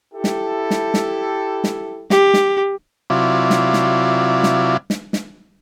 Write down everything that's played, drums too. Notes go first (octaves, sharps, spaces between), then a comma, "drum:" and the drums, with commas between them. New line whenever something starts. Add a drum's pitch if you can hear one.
E4 G4 A4
drum: snare
drum: snare
drum: snare
drum: snare
G4, drum: snare
drum: snare
C3 F#3 E4 F4 D5
drum: snare
drum: snare
drum: snare
drum: snare
drum: snare